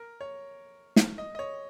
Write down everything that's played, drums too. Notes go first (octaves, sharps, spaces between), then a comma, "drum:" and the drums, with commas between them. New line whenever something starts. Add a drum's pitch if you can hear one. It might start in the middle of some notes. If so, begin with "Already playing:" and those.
Already playing: A#4
C#5
drum: snare
D#5
D#5
C#5